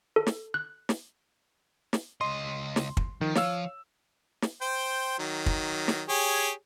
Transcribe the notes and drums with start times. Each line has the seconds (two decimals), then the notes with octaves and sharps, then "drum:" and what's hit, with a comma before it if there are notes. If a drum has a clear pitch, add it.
0.16 A4
0.27 drum: snare
0.54 F#6
0.89 drum: snare
1.93 drum: snare
2.21 C#2 D#5 C6
2.76 drum: snare
2.97 drum: kick
3.21 D#3 F3
3.35 C#5 F5 E6, drum: snare
4.42 drum: snare
4.61 C5 G5
5.19 D#3 F#3
5.46 drum: kick
5.88 drum: snare
6.09 G4 G#4 C#5